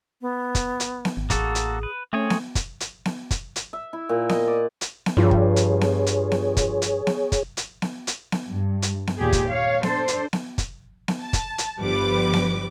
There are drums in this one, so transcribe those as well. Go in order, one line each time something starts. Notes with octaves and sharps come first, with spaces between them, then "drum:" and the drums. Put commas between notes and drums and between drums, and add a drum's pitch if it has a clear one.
B3
drum: kick, hi-hat
drum: hi-hat
drum: snare B3
G#1
A1 A#3 F#4 G#4 A4, drum: kick, hi-hat
drum: hi-hat
B4
A3 C4 C#4 G#4 C#5
drum: snare B3
drum: kick, hi-hat
drum: hi-hat
drum: snare B3
drum: kick, hi-hat
drum: hi-hat
E5
E4
A#2
D#5, drum: snare B3
D5
drum: hi-hat
drum: snare B3
G2 F3 F4 G#4 C#5
drum: kick
drum: hi-hat
drum: snare B3
drum: hi-hat
drum: snare B3
drum: kick, hi-hat
drum: hi-hat
drum: snare B3
drum: kick, hi-hat
drum: hi-hat
drum: snare B3
drum: hi-hat
drum: snare B3
G2
drum: hi-hat
drum: snare B3
D#2 A#2 G4 G#4
drum: kick, hi-hat
C#5 F5
D4 A4 C5, drum: snare B3
drum: hi-hat
drum: snare B3
drum: kick, hi-hat
drum: snare B3
A5
drum: kick, hi-hat
drum: hi-hat
G1 F3 G3 B4 D6
drum: snare B3